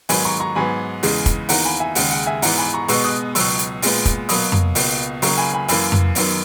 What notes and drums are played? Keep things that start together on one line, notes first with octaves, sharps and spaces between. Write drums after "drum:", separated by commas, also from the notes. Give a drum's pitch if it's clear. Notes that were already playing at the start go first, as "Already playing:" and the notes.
G#2 D#3 F#3 B3 G#5 B5, drum: open hi-hat
A#5 C#6
A#5 C#6
G#2 F#3 B3 G#5 B5
E2 C#3 G#3, drum: open hi-hat
drum: kick, hi-hat
E2 D#3 A#3 F#5 A#5, drum: open hi-hat
G#5 B5
E5 G#5
D#2 C#3 G#3 F#5, drum: open hi-hat
F#5
E5 G#5
G#2 E3 B3 F#5 A#5, drum: open hi-hat
G#5 B5
A#5 C#6
B2 G#3 B3 C#6 E6, drum: open hi-hat
D#6 F#6
C#2 B2 F#3 C#6 E6, drum: open hi-hat
drum: hi-hat
A#2 G#3 B3, drum: open hi-hat
drum: kick, hi-hat
B2 F#3 A#3 B5 D#6, drum: open hi-hat
drum: tom F2
C#2 B2 A#3, drum: open hi-hat
C#2 C#3 F#3 A#3 A#5 C#6, drum: open hi-hat
G#5 B5
G#5 B5
F#2 E3 A#3 G#5 B5, drum: open hi-hat
drum: tom F2
F#2 D#3 F#3 B3, drum: open hi-hat